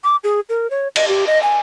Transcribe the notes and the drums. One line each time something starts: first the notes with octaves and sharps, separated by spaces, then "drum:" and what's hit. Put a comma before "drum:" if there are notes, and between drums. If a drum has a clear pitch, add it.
D6
G#4
A#4
C#5
D#5, drum: cymbal
G4
D#5
G#5